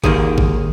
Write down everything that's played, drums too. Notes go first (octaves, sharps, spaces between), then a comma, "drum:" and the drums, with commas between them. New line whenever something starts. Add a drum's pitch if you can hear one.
D#2 D#3 A#3 G#4, drum: kick G#1
drum: kick G#1